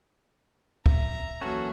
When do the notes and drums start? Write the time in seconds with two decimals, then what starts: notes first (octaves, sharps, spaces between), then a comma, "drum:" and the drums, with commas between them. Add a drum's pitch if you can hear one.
0.86 E5 A#5, drum: kick
1.41 E3 F#3 A#3 C#4 F#4 A4